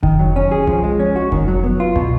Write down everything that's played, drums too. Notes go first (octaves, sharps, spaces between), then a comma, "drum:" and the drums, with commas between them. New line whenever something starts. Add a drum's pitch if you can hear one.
D#3, drum: kick F1
F#3
C#4
G#4
F3, drum: tom C2
G#3
C#4
F#4
D#3, drum: kick F1
F#3
B3
F4
B2, drum: tom C2